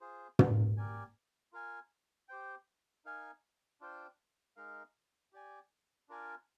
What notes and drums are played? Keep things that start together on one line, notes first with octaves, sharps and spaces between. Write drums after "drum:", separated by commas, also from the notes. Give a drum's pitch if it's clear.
F4 G#4 C5
drum: tom
G4 A#4 D5 G#5
F4 A#4 F5 G#5
G4 C5 G5
D#4 A#4 F5 G#5
D4 F4 C5 G5
G#3 D#4 A#4 F5
G4 D5 G#5
D4 F4 A#4 D5 G#5